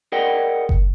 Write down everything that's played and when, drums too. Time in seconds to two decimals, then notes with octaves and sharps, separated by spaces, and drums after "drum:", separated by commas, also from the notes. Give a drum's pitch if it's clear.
0.12 G#4 A#4 D5 D#5 F#5 G5
0.69 drum: kick F#1